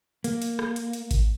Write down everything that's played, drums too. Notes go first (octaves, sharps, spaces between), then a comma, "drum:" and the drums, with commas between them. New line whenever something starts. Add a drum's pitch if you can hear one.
A#3, drum: hi-hat
drum: hi-hat
drum: rim click
drum: hi-hat
drum: hi-hat
drum: kick G#1, hi-hat